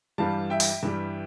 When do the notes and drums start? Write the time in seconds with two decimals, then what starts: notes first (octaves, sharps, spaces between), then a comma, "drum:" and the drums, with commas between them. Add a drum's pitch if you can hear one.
0.18 G2 E3 G3 F5 A5
0.50 E5 G5
0.60 drum: open hi-hat
0.83 G2 E3 G3